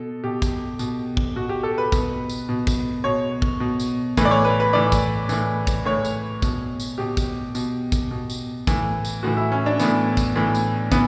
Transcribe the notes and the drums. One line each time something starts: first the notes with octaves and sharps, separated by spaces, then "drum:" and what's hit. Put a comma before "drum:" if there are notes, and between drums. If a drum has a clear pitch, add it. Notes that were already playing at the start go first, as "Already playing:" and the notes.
Already playing: B2 A4
B2 G4
drum: kick, tambourine
B2, drum: tambourine
drum: kick
B2 F#4
G4
A4
B4
B2, drum: kick, tambourine
drum: tambourine
B2
drum: kick, tambourine
B2 C#5
drum: kick
B2
drum: tambourine
A2 E3 B4, drum: kick, tambourine
D5
C#5
B4
B4
A2 E3 D5
drum: kick, tambourine
A2 E3, drum: tambourine
drum: kick, tambourine
A2 E3 C#5
drum: tambourine
B2, drum: kick, tambourine
drum: tambourine
B2 G4
drum: kick, tambourine
B2, drum: tambourine
drum: kick, tambourine
B2
drum: tambourine
A2 E3, drum: kick, tambourine
drum: tambourine
A2 E3 F#4
E4
C#4
D4
A2 E3 B3, drum: tambourine
drum: kick, tambourine
A2 E3
drum: tambourine
E3 B3, drum: kick, tambourine